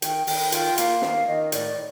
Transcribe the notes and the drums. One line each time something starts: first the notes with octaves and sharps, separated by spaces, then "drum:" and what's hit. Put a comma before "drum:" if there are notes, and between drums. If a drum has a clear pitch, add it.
D#3 G5, drum: hi-hat
D#3 G5, drum: open hi-hat
F4 G5, drum: hi-hat
A#3 F5, drum: hi-hat
D#3 F5, drum: snare
D#3 D#5
A2 D5, drum: hi-hat